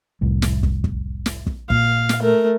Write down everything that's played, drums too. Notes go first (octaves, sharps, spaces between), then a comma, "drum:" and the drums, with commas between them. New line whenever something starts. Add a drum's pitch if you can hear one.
F1 C2 A2
drum: snare
drum: kick
drum: kick
drum: snare
drum: kick
A#2 F5, drum: kick
drum: snare
A3 A#4